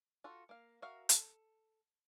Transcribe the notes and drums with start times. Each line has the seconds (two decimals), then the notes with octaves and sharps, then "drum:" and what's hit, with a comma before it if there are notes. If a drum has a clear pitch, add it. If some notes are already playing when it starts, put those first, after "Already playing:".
0.24 F4 F#4 A4
0.49 A#3 F5
0.82 F#4 A#4 E5 F5
1.09 A4, drum: hi-hat